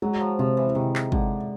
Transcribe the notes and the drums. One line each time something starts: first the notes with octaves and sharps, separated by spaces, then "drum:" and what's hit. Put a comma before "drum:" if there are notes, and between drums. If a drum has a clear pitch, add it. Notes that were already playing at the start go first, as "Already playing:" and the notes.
F#3 G#3
F3
C3 F3
E3
C3 D#3
drum: clap
D3 G#3, drum: kick